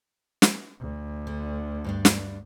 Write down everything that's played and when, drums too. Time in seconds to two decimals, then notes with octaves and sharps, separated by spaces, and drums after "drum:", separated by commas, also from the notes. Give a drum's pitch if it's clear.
0.42 drum: snare
0.80 D2
1.27 D3
1.84 G2 G3 D4
2.05 drum: snare